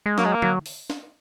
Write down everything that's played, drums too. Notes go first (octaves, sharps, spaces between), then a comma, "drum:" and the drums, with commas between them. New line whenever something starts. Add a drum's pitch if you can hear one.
G#3
F#3 A#3, drum: snare
G#3
A#3
F#3, drum: tom D3
drum: open hi-hat
drum: snare